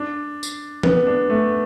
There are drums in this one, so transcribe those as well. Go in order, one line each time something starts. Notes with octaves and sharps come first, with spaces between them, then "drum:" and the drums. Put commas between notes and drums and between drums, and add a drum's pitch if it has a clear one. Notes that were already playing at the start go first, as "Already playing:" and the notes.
Already playing: D4
drum: tambourine
B3, drum: tom E3
D4
A3